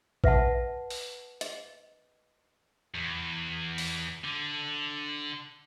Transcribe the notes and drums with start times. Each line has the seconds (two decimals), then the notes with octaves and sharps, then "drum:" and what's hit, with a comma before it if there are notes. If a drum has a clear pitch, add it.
0.24 B4 E5 F#5 A5, drum: kick A#1
0.90 drum: open hi-hat
1.41 D#5, drum: hi-hat
2.94 E2
3.78 drum: open hi-hat
4.24 D3